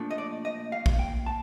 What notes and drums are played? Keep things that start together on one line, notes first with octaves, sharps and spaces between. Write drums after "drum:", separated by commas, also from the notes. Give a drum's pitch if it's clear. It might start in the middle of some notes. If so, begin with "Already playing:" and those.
Already playing: A#2 F3 A3 D4
D#5
D5
D#5
F5
drum: kick A#1
G5
A5